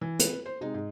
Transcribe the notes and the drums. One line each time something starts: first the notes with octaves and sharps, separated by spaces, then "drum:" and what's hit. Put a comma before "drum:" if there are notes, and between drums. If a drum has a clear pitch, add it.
E3
B4, drum: hi-hat
C5
C3 G#3 D#4
G#2